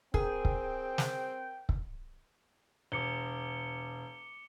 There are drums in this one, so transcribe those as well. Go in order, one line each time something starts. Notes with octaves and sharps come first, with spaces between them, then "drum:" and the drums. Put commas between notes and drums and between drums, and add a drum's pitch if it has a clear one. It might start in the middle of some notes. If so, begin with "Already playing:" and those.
C4 G#4 A#4 G5, drum: kick
drum: kick
drum: snare
drum: kick
E1 D6 C#7 G7